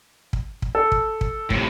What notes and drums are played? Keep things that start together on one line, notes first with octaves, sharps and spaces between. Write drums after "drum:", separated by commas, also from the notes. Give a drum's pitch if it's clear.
drum: kick
drum: kick
A4
drum: kick
drum: kick
A2 C3, drum: kick